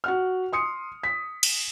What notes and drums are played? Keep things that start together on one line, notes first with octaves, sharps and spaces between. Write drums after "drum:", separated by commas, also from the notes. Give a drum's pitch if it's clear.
F#4 F#5 F6
C6 D#6 C#7
B6
drum: cymbal